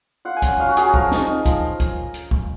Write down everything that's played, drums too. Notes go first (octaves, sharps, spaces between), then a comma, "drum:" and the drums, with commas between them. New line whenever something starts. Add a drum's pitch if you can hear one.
F4 F#5
G#5
C#4, drum: kick, hi-hat
F#5
F#3 F5
F#4
F#3 G#4, drum: hi-hat
F#4
F3 A#4, drum: kick
D#4, drum: snare
D#4
F3, drum: kick, hi-hat
drum: kick, hi-hat
drum: hi-hat
drum: kick